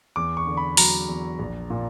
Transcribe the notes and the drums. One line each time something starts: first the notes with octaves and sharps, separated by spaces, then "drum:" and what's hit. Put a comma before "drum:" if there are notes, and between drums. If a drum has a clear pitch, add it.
E2 D6
C#6
D3
B5
F#3 A#5, drum: open hi-hat
E2
A#1
A#2